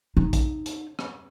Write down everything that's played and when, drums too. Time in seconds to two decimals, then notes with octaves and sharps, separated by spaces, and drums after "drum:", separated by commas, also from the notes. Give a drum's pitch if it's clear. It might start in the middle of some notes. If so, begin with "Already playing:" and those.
0.17 D#4
0.33 drum: kick A#1, hi-hat
0.66 drum: hi-hat
0.99 drum: rim click